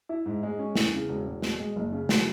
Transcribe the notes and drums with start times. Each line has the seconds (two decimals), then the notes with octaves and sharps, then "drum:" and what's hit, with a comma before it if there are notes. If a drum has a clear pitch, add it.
0.09 E4
0.26 G#2
0.43 G#3
0.59 C#4
0.75 E2, drum: snare
0.93 C#3
1.09 E1
1.26 E1
1.42 B2, drum: snare
1.59 G#3
1.76 F#1
1.92 C#3
2.09 F#3, drum: snare